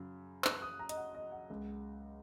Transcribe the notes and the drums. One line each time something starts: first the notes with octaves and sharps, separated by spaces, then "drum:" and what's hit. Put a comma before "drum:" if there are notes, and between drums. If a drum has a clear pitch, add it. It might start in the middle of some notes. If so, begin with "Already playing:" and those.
Already playing: F#2 C#3 F#3
F#6, drum: clap
D#6
A#5
D#5, drum: hi-hat
F#5
D#5
F#5
C#2 C#3 G#3